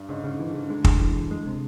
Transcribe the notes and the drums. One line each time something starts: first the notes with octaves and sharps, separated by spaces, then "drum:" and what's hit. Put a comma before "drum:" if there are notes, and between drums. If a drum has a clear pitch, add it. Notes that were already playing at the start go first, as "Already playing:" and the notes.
Already playing: G2
G#2 C#3
C#3
D3 E3
C#3
D3 G#3
G#3, drum: kick
E3
E3
G#3
C3